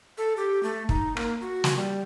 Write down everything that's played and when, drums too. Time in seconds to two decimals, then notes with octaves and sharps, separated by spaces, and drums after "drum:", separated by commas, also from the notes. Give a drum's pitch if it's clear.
0.18 A4
0.37 G4
0.63 A3
0.89 D#4, drum: kick
1.17 A#3, drum: rim click
1.41 F#4
1.64 drum: snare
1.76 G3